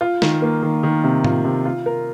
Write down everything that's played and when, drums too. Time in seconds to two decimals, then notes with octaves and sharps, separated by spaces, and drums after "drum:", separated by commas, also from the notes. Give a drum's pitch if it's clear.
0.01 F4
0.22 D#3, drum: snare
0.42 A#3
0.62 D#3
0.83 D#3
1.04 C3
1.24 F4, drum: tom A2
1.45 C3
1.65 F4
1.86 A#4